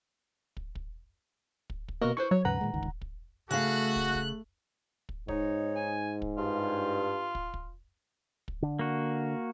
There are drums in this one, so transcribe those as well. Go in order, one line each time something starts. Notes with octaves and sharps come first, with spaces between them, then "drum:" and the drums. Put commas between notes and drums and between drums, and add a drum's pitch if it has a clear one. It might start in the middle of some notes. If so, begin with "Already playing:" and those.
drum: kick
drum: kick
drum: kick
drum: kick
B2 A#3 F#4 A#4 D#5
E4 B4 C5 C#6
F#3 C#5
D#2 G#2 C#3 B4 F#5 A#5
A#2 D#3 G#3
G1 C#2 D#3
drum: kick
drum: kick
C#3 A3 F#4 F5 F#6
drum: kick
drum: kick
drum: kick
G#2 D#4 C#5, drum: kick
G#5
drum: kick
G2 F4
drum: kick
drum: kick
drum: kick
D3
A#3 F#4